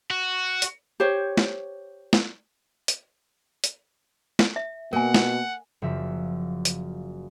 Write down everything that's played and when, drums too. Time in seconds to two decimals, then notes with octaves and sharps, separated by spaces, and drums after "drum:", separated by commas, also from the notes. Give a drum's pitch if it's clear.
0.11 F#4
0.62 drum: hi-hat
1.00 G4 C5 C#5
1.37 drum: snare
2.13 drum: snare
2.88 drum: hi-hat
3.64 drum: hi-hat
4.39 drum: snare
4.56 E5
4.93 B2 A#3 A#4 F#5 G#5
5.14 drum: snare
5.82 F#1 F3 E5
6.65 drum: hi-hat